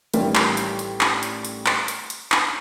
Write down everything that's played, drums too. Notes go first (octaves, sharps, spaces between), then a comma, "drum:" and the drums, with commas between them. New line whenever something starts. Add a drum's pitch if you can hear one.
A1 A2 D#3 G3, drum: hi-hat
drum: clap
drum: hi-hat
drum: hi-hat
drum: clap
drum: hi-hat
drum: hi-hat
drum: clap
drum: hi-hat
drum: hi-hat
drum: clap